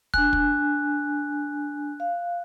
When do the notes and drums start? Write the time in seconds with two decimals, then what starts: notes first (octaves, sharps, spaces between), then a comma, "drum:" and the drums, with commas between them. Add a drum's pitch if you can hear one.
0.14 D4 G#5 F#6, drum: kick
0.33 drum: kick
2.00 F5